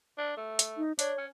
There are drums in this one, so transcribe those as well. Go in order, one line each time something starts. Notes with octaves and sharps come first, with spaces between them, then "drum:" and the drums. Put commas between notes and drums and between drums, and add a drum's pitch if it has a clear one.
D4
A3
drum: hi-hat
D#4
D4 C#5, drum: hi-hat
C#4